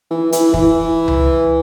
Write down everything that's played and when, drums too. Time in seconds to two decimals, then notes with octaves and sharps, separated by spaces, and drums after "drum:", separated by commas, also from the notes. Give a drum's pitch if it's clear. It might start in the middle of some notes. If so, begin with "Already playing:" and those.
0.11 E3
0.32 E3, drum: hi-hat
0.54 E3, drum: kick
1.08 drum: tom C#2